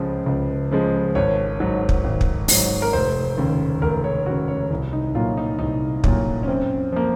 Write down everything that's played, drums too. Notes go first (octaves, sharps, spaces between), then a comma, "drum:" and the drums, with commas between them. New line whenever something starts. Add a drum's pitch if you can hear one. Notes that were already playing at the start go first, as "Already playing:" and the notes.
Already playing: C#2 C#3 F3 G#3
C#2
C#3 F3 G#3
G#1 C#5
G#2 F#3
drum: kick
G#1
drum: kick
G#2 F#3, drum: open hi-hat
A#4
F1 C5
D#2 C#3
F1 A#4
C#5
D#2 C#3 F#4
C#5
C2
D#4
A#2 F#3 A#3 F4
D#4
C2 D#4
A#2 F#3 A#3, drum: kick
C#4
F#2 C4
F3 A#3